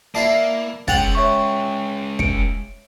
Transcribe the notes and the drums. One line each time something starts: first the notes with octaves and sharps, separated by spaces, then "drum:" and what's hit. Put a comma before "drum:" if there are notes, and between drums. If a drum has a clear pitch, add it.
A#3 E4 D5 A5 C7
G#3 C#4 F#5 G5 A6 F7 F#7, drum: kick
C#5 E5 C#6
C#7 D7, drum: kick